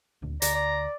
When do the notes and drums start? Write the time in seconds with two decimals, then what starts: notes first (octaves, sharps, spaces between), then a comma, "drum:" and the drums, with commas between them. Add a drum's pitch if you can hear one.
0.22 D#1 D2
0.42 D2 D5 A#5, drum: hi-hat
0.55 D5